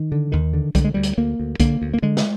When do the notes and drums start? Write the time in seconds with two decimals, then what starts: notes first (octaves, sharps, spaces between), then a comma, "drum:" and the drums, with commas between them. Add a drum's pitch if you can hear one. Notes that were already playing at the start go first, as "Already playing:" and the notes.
Already playing: D#3
0.12 D3
0.32 D#2 D#3
0.53 D3
0.75 D3 G3, drum: kick C2, hi-hat
0.84 G#3
0.94 D2 G3
1.03 drum: hi-hat
1.18 D2 A#3
1.40 D2
1.60 D3 A#3, drum: kick C2, hi-hat
1.82 D2
1.94 A#3
2.02 D3 G#3
2.17 drum: snare